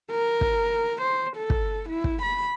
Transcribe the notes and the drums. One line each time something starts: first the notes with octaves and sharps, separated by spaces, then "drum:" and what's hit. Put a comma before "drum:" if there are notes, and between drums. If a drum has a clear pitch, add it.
A#4
drum: kick
C5
A4
drum: kick
E4
drum: kick
B5